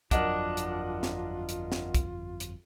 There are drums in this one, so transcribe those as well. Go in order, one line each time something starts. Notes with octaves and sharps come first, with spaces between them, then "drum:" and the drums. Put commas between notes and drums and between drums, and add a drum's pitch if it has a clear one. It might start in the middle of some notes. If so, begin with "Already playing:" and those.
G1 F2 F#3 D4 F4 A#4 D#5 F#5, drum: kick, hi-hat
drum: hi-hat
drum: snare
drum: hi-hat
drum: snare
drum: kick, hi-hat
drum: hi-hat